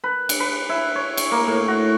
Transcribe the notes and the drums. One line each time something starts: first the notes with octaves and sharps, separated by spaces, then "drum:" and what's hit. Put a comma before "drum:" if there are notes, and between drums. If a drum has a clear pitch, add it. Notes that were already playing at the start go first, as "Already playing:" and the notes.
B4
drum: cymbal
B4
E4
C#5
drum: cymbal
A#3
A2
F#4